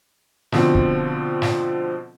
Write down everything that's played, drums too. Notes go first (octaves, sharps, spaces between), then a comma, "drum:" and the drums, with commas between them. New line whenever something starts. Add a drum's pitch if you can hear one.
B2 D3 F3 C4, drum: snare
drum: kick
drum: snare